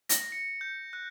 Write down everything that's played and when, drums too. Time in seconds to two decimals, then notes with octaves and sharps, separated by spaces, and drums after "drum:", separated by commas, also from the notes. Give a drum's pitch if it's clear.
0.09 A#6, drum: hi-hat
0.32 C#7
0.61 G6
0.93 F#6